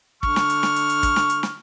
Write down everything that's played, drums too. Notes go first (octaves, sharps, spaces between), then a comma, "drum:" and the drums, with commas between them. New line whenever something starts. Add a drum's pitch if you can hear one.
D3 C#6 F6, drum: kick
drum: snare
drum: hi-hat
drum: snare
drum: hi-hat
drum: hi-hat
drum: kick, hi-hat
drum: snare
drum: hi-hat
drum: snare